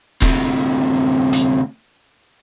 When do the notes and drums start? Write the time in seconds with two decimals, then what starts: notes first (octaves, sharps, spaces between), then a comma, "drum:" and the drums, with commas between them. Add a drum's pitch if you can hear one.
0.22 D2 C3, drum: kick E1
1.33 drum: hi-hat